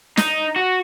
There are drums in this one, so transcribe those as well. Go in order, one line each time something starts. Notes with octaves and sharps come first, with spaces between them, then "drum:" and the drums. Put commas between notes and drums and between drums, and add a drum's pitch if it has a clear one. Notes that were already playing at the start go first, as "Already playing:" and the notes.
D#4, drum: snare
F#4